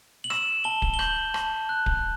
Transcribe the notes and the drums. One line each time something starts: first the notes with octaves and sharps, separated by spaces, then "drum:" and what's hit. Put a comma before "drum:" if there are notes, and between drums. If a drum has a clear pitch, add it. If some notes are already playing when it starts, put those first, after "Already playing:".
F#7
E6 E7, drum: rim click
A5 G7
drum: kick D1
G7
G6 F#7, drum: rim click
A5, drum: rim click
F#6
drum: kick D1